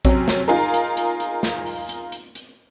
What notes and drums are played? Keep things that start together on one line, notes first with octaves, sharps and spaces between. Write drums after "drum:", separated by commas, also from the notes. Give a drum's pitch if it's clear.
C3 F#3 C4 C#4, drum: kick A#1, hi-hat
drum: snare
D#4 F4 G#4 A#4
drum: hi-hat
drum: hi-hat
drum: hi-hat
drum: snare
drum: open hi-hat
drum: hi-hat
drum: hi-hat
drum: hi-hat